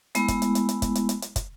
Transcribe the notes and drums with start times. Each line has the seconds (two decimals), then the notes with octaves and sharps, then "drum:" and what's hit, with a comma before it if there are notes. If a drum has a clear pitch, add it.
0.15 G#3 A3 B3 E4, drum: hi-hat
0.28 drum: kick, hi-hat
0.42 drum: hi-hat
0.55 drum: hi-hat
0.69 drum: hi-hat
0.82 drum: kick, hi-hat
0.95 drum: hi-hat
1.09 drum: hi-hat
1.22 drum: hi-hat
1.36 drum: kick, hi-hat